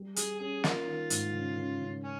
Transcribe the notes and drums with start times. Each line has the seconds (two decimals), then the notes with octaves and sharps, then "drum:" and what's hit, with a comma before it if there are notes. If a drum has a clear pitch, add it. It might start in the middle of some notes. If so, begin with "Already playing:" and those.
Already playing: G3
0.16 G3 G#4, drum: hi-hat
0.39 C#4 G#4
0.64 A#3 F4, drum: snare
0.87 D#3
1.10 G#2, drum: hi-hat
1.34 C#3
1.57 C#3
1.81 C#3
2.03 C#4